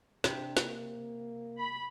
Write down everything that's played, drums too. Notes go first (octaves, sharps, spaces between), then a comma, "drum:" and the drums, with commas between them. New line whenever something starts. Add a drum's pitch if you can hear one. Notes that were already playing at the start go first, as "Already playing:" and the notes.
C3 D4, drum: snare
A#3, drum: snare
B5